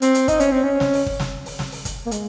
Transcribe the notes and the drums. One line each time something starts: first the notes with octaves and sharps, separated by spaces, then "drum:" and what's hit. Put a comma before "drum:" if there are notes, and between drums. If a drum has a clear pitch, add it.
C4, drum: hi-hat
drum: hi-hat
D#4, drum: kick, hi-hat
C#4, drum: hi-hat
C4
C#4
drum: snare
drum: open hi-hat
drum: kick
drum: snare
drum: open hi-hat
drum: snare
drum: open hi-hat
drum: kick, hi-hat
A#3
G#3, drum: hi-hat